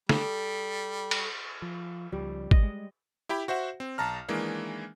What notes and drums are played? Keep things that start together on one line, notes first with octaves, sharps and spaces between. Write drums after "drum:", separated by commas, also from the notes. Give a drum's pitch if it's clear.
G3 A4, drum: snare
drum: cymbal
F3
C#2 F3 G3
D#5, drum: kick G#1
G#3
E4 G4 G5 B5
F#4 C5 E5 F#5
C4
B1 A5 A#5 F6
D#3 E3 G#3 A#3 D4